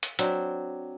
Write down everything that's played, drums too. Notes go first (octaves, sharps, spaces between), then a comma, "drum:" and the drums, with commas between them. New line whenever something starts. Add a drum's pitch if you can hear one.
drum: hi-hat
F#3 C4 D4, drum: hi-hat